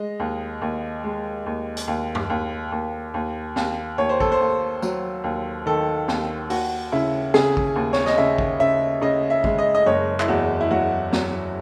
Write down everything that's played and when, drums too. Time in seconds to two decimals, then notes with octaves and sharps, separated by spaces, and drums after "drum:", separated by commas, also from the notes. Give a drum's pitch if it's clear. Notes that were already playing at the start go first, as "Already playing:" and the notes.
Already playing: G#3 D#5
0.20 D#2
0.62 D#2
1.04 G#3
1.46 D#2
1.77 drum: hi-hat
1.88 D#2
2.15 drum: tom F#2
2.30 D#2
2.72 D#2
3.14 D#2
3.56 D#2, drum: snare
3.98 D#2 C#5
4.09 C5
4.20 A4, drum: kick
4.32 C5
4.40 D#2
4.82 F#3, drum: tambourine
5.24 D#2
5.66 D#3 A4
6.08 D#2, drum: snare
6.50 D#2 F#4, drum: open hi-hat
6.92 C#3 E4
7.34 C#3 G#4, drum: snare
7.57 drum: kick
7.76 D#2
7.93 C#5, drum: snare
8.06 D#5, drum: snare
8.18 C#3 E5
8.38 drum: kick
8.60 C#3 E5
9.02 C#3 D#5
9.30 E5
9.44 G#3, drum: kick
9.59 D#5
9.75 D#5
9.86 F#1 C#5
10.20 E4, drum: clap
10.28 E2 F#4
10.61 E4
10.71 F#3 F#4
11.13 F#3, drum: snare